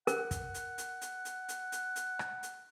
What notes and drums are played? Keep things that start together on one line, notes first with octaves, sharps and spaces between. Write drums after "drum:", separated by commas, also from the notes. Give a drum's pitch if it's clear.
A#4 F#5, drum: hi-hat
drum: kick, hi-hat
drum: hi-hat
drum: hi-hat
drum: hi-hat
drum: hi-hat
drum: hi-hat
drum: hi-hat
drum: hi-hat
drum: rim click
drum: hi-hat